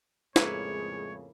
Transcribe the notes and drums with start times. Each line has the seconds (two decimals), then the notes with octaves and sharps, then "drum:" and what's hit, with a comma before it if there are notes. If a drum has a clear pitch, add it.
0.36 F2 A2 C#3 G#3 A#3 E4 B4 C#5, drum: snare